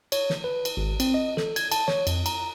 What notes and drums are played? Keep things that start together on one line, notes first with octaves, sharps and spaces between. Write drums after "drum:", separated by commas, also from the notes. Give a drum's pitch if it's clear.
C#5, drum: cymbal
drum: snare
B4
drum: cymbal
G#1
C4, drum: cymbal
D#5
A4, drum: snare
G#6, drum: cymbal
A5, drum: cymbal
C#5, drum: snare
F2, drum: cymbal
A#5, drum: cymbal